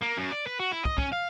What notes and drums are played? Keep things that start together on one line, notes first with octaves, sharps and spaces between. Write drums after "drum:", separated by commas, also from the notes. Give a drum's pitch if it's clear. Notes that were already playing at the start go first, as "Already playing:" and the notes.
A#3
F#2
D5
B4
F#4
E4
D#5, drum: kick
C#4, drum: kick
F5